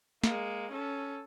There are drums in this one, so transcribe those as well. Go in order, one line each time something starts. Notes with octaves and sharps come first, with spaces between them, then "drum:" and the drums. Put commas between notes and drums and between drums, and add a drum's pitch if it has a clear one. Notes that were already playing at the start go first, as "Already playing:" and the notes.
G#3 A#3, drum: snare
C#4 A4